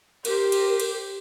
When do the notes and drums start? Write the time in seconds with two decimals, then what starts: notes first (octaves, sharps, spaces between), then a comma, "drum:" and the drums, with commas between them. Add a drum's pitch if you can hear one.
0.25 G4 A#4 C5, drum: cymbal
0.52 drum: cymbal
0.80 drum: cymbal